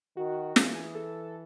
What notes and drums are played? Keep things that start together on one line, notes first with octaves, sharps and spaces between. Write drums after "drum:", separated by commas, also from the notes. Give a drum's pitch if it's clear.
D#3 F#4
E3 G#4, drum: snare
G#4
A4